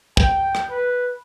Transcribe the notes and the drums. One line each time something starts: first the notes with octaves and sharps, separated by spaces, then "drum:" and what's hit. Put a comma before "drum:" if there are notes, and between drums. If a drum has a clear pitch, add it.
G5, drum: kick
drum: rim click
B4